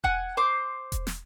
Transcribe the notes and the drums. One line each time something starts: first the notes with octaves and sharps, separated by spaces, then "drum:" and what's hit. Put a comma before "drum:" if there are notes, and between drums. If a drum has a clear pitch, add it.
F#5 G#5 F#6, drum: kick E1
C5 D6
drum: kick E1, hi-hat
drum: snare